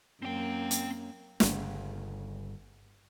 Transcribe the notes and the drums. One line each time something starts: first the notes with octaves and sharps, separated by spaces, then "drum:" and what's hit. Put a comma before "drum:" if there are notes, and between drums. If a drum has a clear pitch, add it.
F#2 A#3 C4 G5
drum: hi-hat
G1 C#3, drum: snare